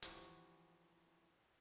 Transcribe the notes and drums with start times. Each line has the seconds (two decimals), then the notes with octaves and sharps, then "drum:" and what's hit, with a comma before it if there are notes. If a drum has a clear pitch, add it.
0.03 C3 E3 F3 F#4 C5 F#5, drum: hi-hat